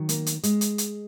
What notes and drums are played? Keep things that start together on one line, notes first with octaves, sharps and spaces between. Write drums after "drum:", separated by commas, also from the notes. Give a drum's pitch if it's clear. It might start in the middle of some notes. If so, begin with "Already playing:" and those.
Already playing: D#3 F#3
A#3, drum: hi-hat
drum: hi-hat
G#3, drum: hi-hat
drum: hi-hat
drum: hi-hat